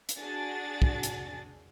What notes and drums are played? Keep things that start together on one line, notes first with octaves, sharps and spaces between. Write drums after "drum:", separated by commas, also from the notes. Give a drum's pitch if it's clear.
drum: hi-hat
D4 F#4 G#4 A6
drum: kick
drum: hi-hat